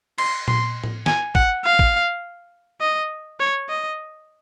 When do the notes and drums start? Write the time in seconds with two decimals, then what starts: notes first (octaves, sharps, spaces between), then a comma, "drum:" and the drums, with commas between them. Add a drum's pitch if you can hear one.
0.18 C6, drum: cymbal
0.48 C6, drum: tom A#2
0.84 drum: tom A2
1.06 G#5, drum: snare
1.35 F#5, drum: kick
1.65 F5
1.79 drum: kick
2.81 D#5
3.40 C#5
3.69 D#5